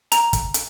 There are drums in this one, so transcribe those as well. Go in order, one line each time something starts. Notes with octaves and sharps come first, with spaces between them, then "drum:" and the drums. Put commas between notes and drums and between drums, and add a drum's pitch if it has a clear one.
A#5, drum: hi-hat
drum: kick, hi-hat
drum: hi-hat